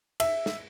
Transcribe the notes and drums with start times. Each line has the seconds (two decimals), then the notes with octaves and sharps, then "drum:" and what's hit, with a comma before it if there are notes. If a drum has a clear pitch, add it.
0.20 E5, drum: cymbal
0.46 drum: snare